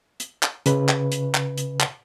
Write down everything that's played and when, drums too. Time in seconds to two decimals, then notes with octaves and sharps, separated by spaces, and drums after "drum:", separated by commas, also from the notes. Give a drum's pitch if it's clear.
0.20 drum: hi-hat
0.43 drum: clap
0.66 C#3 B4, drum: hi-hat
0.89 drum: clap
1.12 drum: hi-hat
1.35 drum: clap
1.58 drum: hi-hat
1.80 drum: clap